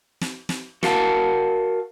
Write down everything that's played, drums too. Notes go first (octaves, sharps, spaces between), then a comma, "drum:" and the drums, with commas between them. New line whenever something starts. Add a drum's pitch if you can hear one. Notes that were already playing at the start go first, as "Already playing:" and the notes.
drum: snare
drum: snare
F#4 A#4 F5 F#5 A5, drum: snare